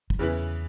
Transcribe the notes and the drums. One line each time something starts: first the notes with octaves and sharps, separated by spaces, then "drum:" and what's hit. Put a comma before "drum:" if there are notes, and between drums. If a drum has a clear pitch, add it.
F#2, drum: kick
E2 C#3 E3 B3 E4